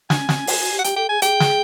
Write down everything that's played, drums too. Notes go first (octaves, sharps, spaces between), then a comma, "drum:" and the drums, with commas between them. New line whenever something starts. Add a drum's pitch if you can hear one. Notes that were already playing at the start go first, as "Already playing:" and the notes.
D4 G#5, drum: snare
C#4
C4, drum: snare
C#4
F#4, drum: open hi-hat
F#4
G4
F#5
G4 G5, drum: hi-hat
A4 G5
G#4 G#5
G#4 G5, drum: hi-hat
drum: snare